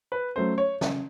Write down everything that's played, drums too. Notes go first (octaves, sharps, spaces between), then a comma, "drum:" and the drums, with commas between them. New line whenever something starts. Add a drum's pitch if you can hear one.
B4
F#3 A3 C#4 C5
C#5
C#3, drum: snare